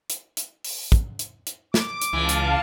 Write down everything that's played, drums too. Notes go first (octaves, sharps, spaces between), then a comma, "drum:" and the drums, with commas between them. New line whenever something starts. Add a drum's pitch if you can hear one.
drum: hi-hat
drum: hi-hat
drum: open hi-hat
drum: kick, hi-hat
drum: hi-hat
drum: hi-hat
D6, drum: snare
drum: hi-hat
C#2 E3 F5 A5
drum: hi-hat